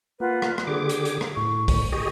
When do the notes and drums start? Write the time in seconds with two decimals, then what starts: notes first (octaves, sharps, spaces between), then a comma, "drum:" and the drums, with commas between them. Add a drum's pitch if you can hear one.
0.20 A#3 F4 B4 F#5
0.42 drum: rim click
0.58 drum: rim click
0.67 D3 G4 G#4 D6
0.89 drum: hi-hat
1.05 drum: hi-hat
1.21 drum: rim click
1.37 A2 C#6
1.68 drum: kick, open hi-hat
1.92 G4 G#4 D#5 C#6